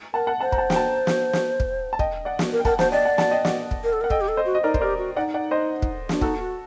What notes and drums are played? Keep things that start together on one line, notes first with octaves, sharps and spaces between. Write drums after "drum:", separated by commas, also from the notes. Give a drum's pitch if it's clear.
A#4 F#5 A5
F#5 A5
C5 F#5 A5
A#5, drum: kick
F#5 A5
G5, drum: snare
F#5 A5
drum: snare
drum: snare
drum: kick
A5
D#5 G5, drum: kick
D5 F#5
drum: snare
A#4
G5
A#4 F#5 A5, drum: kick
C5 F#5 A5, drum: snare
D5 D#5 G5
F#5 A5
F#5 A5, drum: snare
D#5 G5
D5 F#5, drum: snare
drum: kick
A#4
A4
A#4
F#5
A4 D#5 G5, drum: kick
G4
A4
C5 D#5
F#4
D#5
D#4 A#4 D5
C5, drum: kick
G4 A#4 D5
F#4
D#4 D5 F#5
D5 F#5
C5 D#5
drum: kick
D4, drum: snare
D#4 F#4 A4, drum: kick
F#4